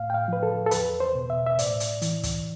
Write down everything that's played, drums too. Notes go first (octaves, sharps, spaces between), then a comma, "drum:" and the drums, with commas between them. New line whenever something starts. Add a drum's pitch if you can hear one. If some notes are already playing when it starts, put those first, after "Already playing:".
Already playing: A2 F5
G5
F5
F3 B4
A4
A4
E2 B4, drum: hi-hat
C5
B2
E5
E5
A2 D5, drum: hi-hat
drum: hi-hat
E3, drum: hi-hat
drum: kick, hi-hat